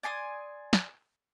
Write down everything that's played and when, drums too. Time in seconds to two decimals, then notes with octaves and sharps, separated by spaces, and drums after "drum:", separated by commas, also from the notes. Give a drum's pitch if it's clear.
0.03 D5 G#5 C6 D#6
0.73 drum: snare